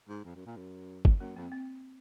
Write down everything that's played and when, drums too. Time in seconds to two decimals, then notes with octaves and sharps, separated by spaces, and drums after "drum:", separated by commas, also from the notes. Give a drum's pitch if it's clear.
0.09 G#2
0.25 F2
0.36 F#2
0.46 A#2
0.57 F#2
1.05 drum: kick G1
1.20 F#2 A#3
1.36 F2 C4
1.52 C4